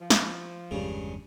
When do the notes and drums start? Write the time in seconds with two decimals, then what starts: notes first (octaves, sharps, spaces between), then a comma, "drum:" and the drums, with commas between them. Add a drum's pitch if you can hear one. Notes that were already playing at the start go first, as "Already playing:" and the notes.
0.01 F3
0.10 drum: snare
0.71 G1 E2 G2 C#3 G#3